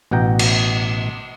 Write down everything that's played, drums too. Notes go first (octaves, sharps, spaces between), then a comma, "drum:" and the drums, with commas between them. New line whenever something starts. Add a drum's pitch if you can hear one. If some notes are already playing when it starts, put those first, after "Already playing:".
A1 B2 F#5 G5 A#5
drum: cymbal